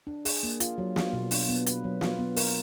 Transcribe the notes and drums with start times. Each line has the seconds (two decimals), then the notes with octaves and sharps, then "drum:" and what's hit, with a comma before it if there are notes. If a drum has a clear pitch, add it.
0.07 D4
0.25 G#4, drum: open hi-hat
0.43 A#3
0.60 F4, drum: hi-hat
0.78 F#3
0.96 F4, drum: snare
1.13 B2
1.31 D4, drum: open hi-hat
1.49 B3
1.67 B4, drum: hi-hat
1.84 F#3
2.01 F4, drum: snare
2.18 B3
2.36 A#4, drum: open hi-hat